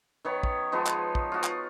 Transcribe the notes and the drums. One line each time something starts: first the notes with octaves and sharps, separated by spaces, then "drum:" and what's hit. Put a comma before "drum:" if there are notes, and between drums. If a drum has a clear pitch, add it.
D#3 B3 C#5
drum: kick
F3 G#3 B3 D#4
drum: clap
drum: kick
F4 F#4
drum: clap